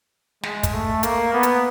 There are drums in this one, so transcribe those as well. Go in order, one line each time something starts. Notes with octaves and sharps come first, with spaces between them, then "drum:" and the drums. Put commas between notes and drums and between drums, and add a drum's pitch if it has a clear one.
G#3, drum: snare
drum: kick, hi-hat
A3
A#3, drum: hi-hat
B3
drum: hi-hat